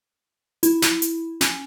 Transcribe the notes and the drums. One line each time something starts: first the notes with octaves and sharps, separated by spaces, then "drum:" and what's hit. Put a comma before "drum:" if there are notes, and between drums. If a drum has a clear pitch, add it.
E4, drum: hi-hat
drum: snare
drum: hi-hat
C#4, drum: snare